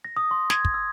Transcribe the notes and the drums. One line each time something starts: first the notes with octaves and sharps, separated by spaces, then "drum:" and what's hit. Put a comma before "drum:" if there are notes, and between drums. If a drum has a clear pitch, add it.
A#6
D#6
C6
G#6, drum: snare
drum: kick
E6